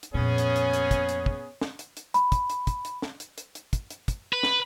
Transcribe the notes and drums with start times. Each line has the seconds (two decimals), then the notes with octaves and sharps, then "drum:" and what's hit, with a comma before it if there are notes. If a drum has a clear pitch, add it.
0.03 drum: hi-hat
0.14 F2 A#2 B3 C#4 G#4 C#5
0.38 drum: hi-hat
0.56 drum: hi-hat
0.73 drum: hi-hat
0.91 drum: kick, hi-hat
1.09 drum: hi-hat
1.26 drum: kick
1.61 drum: snare
1.79 drum: hi-hat
1.97 drum: hi-hat
2.14 B5, drum: hi-hat
2.32 drum: kick, hi-hat
2.50 drum: hi-hat
2.67 drum: kick, hi-hat
2.85 drum: hi-hat
3.02 drum: snare
3.20 drum: hi-hat
3.38 drum: hi-hat
3.55 drum: hi-hat
3.73 drum: kick, hi-hat
3.90 drum: hi-hat
4.08 drum: kick, hi-hat
4.33 B4
4.43 drum: snare